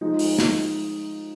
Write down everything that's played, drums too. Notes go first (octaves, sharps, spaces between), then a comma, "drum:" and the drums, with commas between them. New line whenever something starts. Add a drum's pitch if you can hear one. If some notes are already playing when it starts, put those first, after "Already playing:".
F3 G#3 D#4
drum: open hi-hat
drum: snare